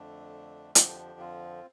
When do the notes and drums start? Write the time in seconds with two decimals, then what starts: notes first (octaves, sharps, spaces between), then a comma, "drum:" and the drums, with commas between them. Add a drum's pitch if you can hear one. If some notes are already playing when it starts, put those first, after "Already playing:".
Already playing: F2 D3 A3 D4
0.75 F2 D3 F3 D4 G4, drum: hi-hat
1.19 C4 F4